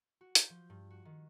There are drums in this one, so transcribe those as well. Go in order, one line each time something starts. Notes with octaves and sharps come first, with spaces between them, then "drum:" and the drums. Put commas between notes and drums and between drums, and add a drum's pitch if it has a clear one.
F#4
G6, drum: hi-hat
F3
G2
F#4
D#3